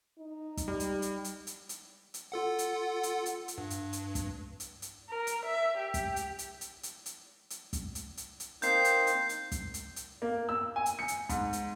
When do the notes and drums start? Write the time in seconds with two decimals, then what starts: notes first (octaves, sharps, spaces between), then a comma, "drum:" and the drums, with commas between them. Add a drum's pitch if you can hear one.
0.19 D#4
0.57 drum: kick, hi-hat
0.68 G3
0.80 drum: hi-hat
1.02 drum: hi-hat
1.24 drum: hi-hat
1.47 drum: hi-hat
1.69 drum: hi-hat
2.14 drum: hi-hat
2.32 F4 A4 F#5
2.59 drum: hi-hat
3.03 drum: hi-hat
3.26 drum: hi-hat
3.48 drum: hi-hat
3.58 G2
3.70 drum: hi-hat
3.93 drum: hi-hat
4.15 drum: kick, hi-hat
4.60 drum: hi-hat
4.82 drum: hi-hat
5.09 A#4
5.27 drum: hi-hat
5.45 E5
5.77 G4
5.94 drum: kick, hi-hat
6.16 drum: hi-hat
6.39 drum: hi-hat
6.61 drum: hi-hat
6.83 drum: hi-hat
7.06 drum: hi-hat
7.50 drum: hi-hat
7.73 drum: kick, hi-hat
7.95 drum: hi-hat
8.17 drum: hi-hat
8.40 drum: hi-hat
8.62 A#3 C4 D#4 G6 C7, drum: hi-hat
8.85 drum: hi-hat
9.07 drum: hi-hat
9.29 drum: hi-hat
9.52 drum: kick, hi-hat
9.74 drum: hi-hat
9.96 drum: hi-hat
10.22 A#3
10.49 E6
10.76 G#5
10.86 drum: hi-hat
10.99 C#7
11.08 drum: hi-hat
11.29 G#2, drum: kick, hi-hat
11.53 drum: hi-hat